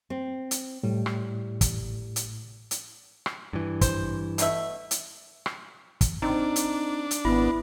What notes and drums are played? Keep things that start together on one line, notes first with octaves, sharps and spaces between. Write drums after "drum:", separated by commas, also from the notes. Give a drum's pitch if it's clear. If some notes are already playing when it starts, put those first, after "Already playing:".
C4
drum: hi-hat
A2 G3
drum: rim click
drum: kick, hi-hat
drum: hi-hat
drum: hi-hat
drum: rim click
G2 E3
C5, drum: kick, hi-hat
B2 A3 E5, drum: hi-hat
drum: hi-hat
drum: rim click
drum: kick, hi-hat
C4 D4 D#4
drum: hi-hat
drum: hi-hat
G#1 B3 E4